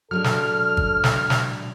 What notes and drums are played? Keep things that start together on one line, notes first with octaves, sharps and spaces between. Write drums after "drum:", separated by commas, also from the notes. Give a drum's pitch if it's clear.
F#3 G#3 D4 A4 F6
drum: snare
drum: kick G#1
drum: snare
drum: snare